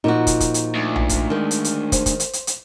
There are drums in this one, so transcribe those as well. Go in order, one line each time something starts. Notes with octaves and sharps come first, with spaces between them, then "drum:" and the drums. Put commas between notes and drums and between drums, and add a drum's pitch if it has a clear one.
A#2 F3 D#4 F#4
drum: kick, hi-hat
drum: kick, hi-hat
drum: hi-hat
D2
drum: tom A#1
drum: kick, hi-hat
D#3 G#3
drum: hi-hat
drum: hi-hat
C5, drum: kick, hi-hat
drum: kick, hi-hat
drum: hi-hat
drum: hi-hat
drum: hi-hat